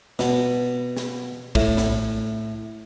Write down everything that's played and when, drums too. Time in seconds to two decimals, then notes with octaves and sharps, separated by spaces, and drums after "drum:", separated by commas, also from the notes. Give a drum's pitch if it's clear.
0.19 B2, drum: snare
0.97 drum: snare
1.55 A2, drum: kick
1.77 drum: snare